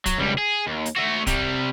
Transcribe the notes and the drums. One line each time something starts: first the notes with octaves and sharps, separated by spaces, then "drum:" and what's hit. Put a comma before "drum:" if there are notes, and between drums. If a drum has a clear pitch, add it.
F#3, drum: kick, hi-hat
C#2 G3
G#4
D#2
drum: hi-hat
A3 F#4
C3 G3, drum: kick, hi-hat